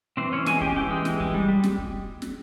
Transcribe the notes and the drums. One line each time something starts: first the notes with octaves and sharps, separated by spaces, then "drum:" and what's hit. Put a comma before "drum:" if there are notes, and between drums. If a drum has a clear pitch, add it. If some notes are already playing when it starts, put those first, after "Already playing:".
E3 C4 C5
E3 C#4 C#5
G#3 G#4 G#5, drum: snare
C#4 G4 G5, drum: kick
E3 G4 G5
G#3
E3, drum: snare
G#3, drum: kick
G3
G3
drum: snare
drum: kick
drum: snare